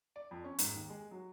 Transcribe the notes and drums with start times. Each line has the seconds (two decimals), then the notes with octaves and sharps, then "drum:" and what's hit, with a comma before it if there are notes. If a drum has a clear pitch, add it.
0.16 D5
0.31 F2
0.44 C#4
0.59 G#2, drum: hi-hat
0.75 D#2
0.89 G#3
1.11 F#3